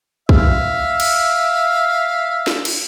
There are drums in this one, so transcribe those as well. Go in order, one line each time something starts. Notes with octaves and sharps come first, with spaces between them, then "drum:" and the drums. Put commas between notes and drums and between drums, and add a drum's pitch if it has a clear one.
E5 F5, drum: kick
drum: cymbal
drum: snare
drum: cymbal